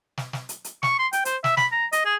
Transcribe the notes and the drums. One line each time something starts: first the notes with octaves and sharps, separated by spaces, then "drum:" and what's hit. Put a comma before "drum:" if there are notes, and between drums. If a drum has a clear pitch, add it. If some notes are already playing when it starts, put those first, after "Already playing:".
drum: snare
drum: snare
drum: hi-hat
drum: hi-hat
C#6, drum: snare
C6
G5, drum: hi-hat
C5, drum: hi-hat
E5, drum: snare
B5, drum: snare
A#5
D#5, drum: hi-hat
G#4